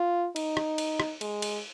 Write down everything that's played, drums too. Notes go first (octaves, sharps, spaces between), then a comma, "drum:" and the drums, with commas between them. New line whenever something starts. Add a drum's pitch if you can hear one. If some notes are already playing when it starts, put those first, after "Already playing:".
Already playing: F4
D#4, drum: cymbal
drum: rim click
drum: cymbal
drum: rim click
G#3, drum: cymbal
drum: cymbal